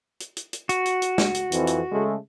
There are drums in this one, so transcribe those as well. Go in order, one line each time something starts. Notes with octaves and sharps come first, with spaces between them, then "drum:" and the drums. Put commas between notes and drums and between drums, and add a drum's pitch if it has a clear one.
drum: hi-hat
drum: hi-hat
drum: hi-hat
F#4, drum: hi-hat
drum: hi-hat
drum: hi-hat
drum: snare
drum: hi-hat
F2 E3, drum: hi-hat
drum: hi-hat
C#3 G#3 A3